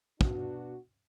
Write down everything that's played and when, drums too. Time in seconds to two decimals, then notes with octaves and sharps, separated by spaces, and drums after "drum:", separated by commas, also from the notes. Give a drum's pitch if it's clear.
0.21 B2 D4 F#4, drum: kick